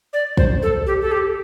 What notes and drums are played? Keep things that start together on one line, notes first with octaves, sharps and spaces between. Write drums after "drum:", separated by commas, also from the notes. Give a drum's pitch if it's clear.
D5
C5, drum: kick
A4
G4
A4
G4